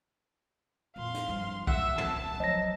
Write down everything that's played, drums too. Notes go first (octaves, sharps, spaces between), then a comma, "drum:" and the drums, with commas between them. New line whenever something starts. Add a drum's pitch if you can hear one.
F2 A#2 F5 C6
drum: hi-hat
G2 F3
D#1 C2 E5 F#5 E6 F#6, drum: kick B1
A5, drum: tom
F3 F#3 D#5 A#6